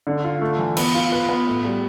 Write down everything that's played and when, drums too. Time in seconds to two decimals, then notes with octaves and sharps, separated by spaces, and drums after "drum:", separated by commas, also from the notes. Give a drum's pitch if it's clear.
0.07 D3
0.24 F4
0.41 A3
0.59 E3
0.77 B3, drum: cymbal
0.94 F4
1.12 B4
1.29 B3
1.47 A2
1.65 G3